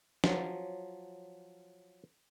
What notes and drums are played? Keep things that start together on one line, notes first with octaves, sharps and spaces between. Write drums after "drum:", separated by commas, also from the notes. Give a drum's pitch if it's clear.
F3 F#3, drum: snare